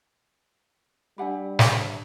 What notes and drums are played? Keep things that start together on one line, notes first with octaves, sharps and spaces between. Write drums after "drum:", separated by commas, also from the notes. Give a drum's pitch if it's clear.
G3 D4 G4 F#5 G#5 B5
drum: snare